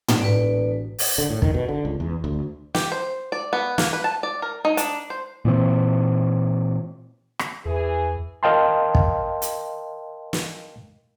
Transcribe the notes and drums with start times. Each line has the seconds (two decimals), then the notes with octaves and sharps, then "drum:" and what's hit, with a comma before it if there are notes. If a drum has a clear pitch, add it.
0.08 drum: tom
0.20 E1 A1 B4 D5
0.99 drum: open hi-hat
1.18 D3
1.30 A2
1.42 D#3, drum: kick
1.54 B2
1.68 D3
1.85 C#2
2.00 E2
2.24 D2
2.75 G4, drum: snare
2.92 C5
3.32 D5
3.53 B3
3.78 A#3, drum: snare
3.93 B4
4.04 A5
4.23 D5
4.42 A#4
4.65 D#4
4.77 D4, drum: hi-hat
5.10 C5
5.45 A#2 E3 C4
7.39 drum: rim click
7.65 E2 E3 G#4
8.43 A#4 D#5 F5 G5 A5 C6
8.95 drum: kick
9.42 drum: hi-hat
10.33 drum: snare